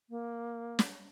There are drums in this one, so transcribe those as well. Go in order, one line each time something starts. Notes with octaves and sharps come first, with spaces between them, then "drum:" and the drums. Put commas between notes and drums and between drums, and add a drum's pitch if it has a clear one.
A#3
drum: snare